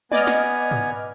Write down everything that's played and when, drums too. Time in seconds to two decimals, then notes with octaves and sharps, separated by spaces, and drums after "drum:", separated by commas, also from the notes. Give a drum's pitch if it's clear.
0.12 B3 D5 D#5 G#5 F6, drum: tom G#3
0.27 drum: snare
0.71 drum: tom G#2